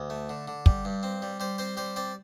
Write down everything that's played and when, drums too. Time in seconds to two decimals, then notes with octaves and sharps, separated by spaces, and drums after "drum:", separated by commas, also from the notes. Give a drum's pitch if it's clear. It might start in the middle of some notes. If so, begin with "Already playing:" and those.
Already playing: D2
0.10 A3
0.29 D3
0.48 D3
0.66 G3, drum: kick
0.85 G2
1.03 C4
1.22 G3
1.40 G3 C5
1.58 C4 C5
1.77 G3 C5
1.96 C4 D5